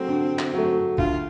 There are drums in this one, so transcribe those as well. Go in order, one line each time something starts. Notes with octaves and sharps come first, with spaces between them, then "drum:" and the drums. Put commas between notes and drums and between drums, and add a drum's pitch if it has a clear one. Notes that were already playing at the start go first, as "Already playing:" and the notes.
Already playing: F#3 A3 C4
D3
drum: clap
F#3 A3
D2 F4, drum: kick